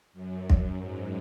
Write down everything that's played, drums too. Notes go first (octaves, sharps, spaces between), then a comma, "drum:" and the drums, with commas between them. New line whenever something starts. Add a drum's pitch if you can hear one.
F#2
drum: kick
G#2